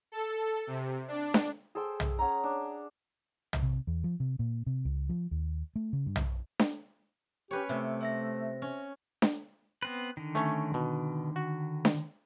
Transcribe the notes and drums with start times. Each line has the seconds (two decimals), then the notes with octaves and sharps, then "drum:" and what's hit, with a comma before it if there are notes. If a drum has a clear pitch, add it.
0.12 A4
0.67 C3
1.08 D4
1.34 drum: snare D4
1.75 G#4 A4 C5 G5
2.00 drum: tom B1
2.19 C#4 C#5 F#5 A#5
2.44 D4
3.53 drum: tom B1
3.63 C3
3.87 E2
4.04 F3
4.20 C3
4.39 A#2
4.67 C3
4.85 C#2
5.09 F3
5.31 D#2
5.76 A3
5.93 C#3
6.06 G2
6.16 drum: tom B1
6.59 drum: snare D4
7.51 C#4 G4 B4 C#5
7.69 C3 A3
8.01 C5 E5 A#6
8.62 C#4
9.22 drum: snare D4
9.82 B3 C4 B4
10.17 D3 D#3
10.35 A3 C#4 C#5
10.74 B2
11.36 F#4
11.85 drum: snare D4